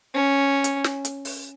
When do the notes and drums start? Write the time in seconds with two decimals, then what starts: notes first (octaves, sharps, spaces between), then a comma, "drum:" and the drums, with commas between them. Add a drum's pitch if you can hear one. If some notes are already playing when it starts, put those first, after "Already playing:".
0.14 C#4
0.64 drum: hi-hat
0.84 drum: snare
1.05 drum: hi-hat
1.25 drum: open hi-hat